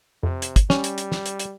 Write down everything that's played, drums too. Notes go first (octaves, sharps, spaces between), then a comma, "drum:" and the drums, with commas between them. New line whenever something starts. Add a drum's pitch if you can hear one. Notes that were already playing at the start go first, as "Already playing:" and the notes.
F2 C3
drum: hi-hat
drum: kick, hi-hat
G3 C#4, drum: snare
drum: hi-hat
drum: hi-hat
drum: snare
drum: hi-hat
drum: hi-hat